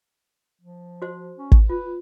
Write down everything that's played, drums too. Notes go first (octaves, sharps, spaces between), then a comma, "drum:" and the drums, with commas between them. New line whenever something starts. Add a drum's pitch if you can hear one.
F3
F#4 C5
C#4
drum: kick
F4 B4